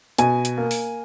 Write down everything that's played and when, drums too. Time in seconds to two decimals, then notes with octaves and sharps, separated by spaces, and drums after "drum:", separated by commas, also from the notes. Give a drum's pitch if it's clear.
0.18 B2 G#5, drum: hi-hat
0.45 drum: hi-hat
0.58 A#3
0.71 drum: open hi-hat